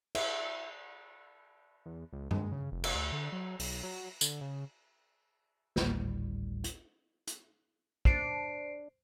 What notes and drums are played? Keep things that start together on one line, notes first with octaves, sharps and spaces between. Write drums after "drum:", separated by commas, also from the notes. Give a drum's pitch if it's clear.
E5, drum: cymbal
E2
C#2
G#3, drum: tom G2
C#3
F1
drum: cymbal
D2
D3
F#3
B1, drum: open hi-hat
F#3
D3, drum: tambourine
C#3
G#1 D2 A2 G3, drum: snare
drum: hi-hat
drum: hi-hat
D4 C5 C7 D7, drum: kick